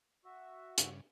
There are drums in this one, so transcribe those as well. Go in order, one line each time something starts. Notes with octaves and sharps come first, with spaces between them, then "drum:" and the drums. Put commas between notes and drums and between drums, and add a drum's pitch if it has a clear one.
F#4 E5
G2 C#3, drum: hi-hat